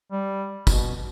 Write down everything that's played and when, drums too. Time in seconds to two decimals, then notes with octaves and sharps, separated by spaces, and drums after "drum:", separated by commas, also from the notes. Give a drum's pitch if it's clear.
0.12 G3
0.67 B2, drum: kick, tambourine